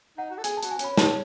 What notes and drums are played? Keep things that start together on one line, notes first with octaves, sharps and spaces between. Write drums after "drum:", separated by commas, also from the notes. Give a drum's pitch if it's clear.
D#4 F#5
F#4
A4
G#4 G#5, drum: hi-hat
A5
F#4, drum: hi-hat
G#5
C#4 B5, drum: hi-hat
A5, drum: snare